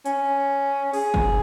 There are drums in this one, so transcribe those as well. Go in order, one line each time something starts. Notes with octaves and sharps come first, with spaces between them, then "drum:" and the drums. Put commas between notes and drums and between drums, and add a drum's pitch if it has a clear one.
C#4, drum: hi-hat
G#4, drum: open hi-hat
drum: kick G1